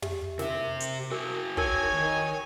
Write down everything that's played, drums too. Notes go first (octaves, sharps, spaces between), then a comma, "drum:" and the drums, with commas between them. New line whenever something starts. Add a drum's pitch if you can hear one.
G4 E5, drum: tom
C3 A#4 E5, drum: snare
drum: hi-hat
F#4 G#4 A#4
D#4 A#4 C#5 G#5 C#6, drum: kick
D#3